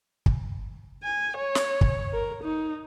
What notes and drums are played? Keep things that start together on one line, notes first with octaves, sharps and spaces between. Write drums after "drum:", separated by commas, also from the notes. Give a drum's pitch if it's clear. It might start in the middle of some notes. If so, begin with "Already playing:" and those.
drum: kick
G#5
C#5
drum: snare
drum: kick
A#4
D#4